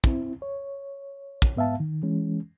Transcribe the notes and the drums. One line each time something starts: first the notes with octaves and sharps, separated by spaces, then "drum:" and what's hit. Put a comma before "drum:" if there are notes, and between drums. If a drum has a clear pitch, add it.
C4 E4, drum: kick
C#5
drum: kick
G#2 B3 E5 F5 A5
D#3
E3 G#3 C#4